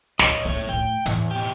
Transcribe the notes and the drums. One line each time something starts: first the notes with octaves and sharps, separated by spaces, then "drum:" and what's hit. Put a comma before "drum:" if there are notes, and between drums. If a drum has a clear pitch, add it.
D#2 A#2 C#5 D#5, drum: snare
A1 A3 A#3 C#5
A2 A3 G5
E2 A2, drum: hi-hat
B2 G4